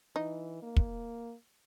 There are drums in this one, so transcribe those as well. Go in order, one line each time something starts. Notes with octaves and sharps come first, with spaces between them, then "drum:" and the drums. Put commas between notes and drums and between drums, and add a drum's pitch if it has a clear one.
E3 D#4
A#3
drum: kick